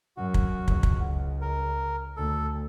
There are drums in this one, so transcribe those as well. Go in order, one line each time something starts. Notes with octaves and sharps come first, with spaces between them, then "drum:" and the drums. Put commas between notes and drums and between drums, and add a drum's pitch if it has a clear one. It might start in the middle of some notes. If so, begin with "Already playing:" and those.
F#2 F#4
drum: kick
C#2, drum: kick
drum: kick
A#4
D2 A4